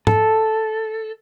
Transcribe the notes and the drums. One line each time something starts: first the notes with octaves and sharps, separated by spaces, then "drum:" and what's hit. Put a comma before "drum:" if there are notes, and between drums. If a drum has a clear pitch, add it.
A4, drum: tom G#2